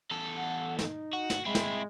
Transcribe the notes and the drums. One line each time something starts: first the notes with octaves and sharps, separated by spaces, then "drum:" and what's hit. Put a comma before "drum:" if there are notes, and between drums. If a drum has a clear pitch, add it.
E2 A4
F#5
D#4, drum: snare
F#4
drum: snare
G#3 C4 E4
drum: snare